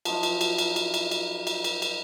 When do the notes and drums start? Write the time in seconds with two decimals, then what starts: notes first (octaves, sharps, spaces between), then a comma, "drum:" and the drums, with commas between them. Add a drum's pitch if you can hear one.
0.05 F3 F#3 D#4 E4, drum: cymbal
0.23 drum: cymbal
0.41 drum: cymbal
0.58 drum: cymbal
0.76 drum: cymbal
0.94 drum: cymbal
1.11 drum: cymbal
1.47 drum: cymbal
1.64 drum: cymbal
1.82 drum: cymbal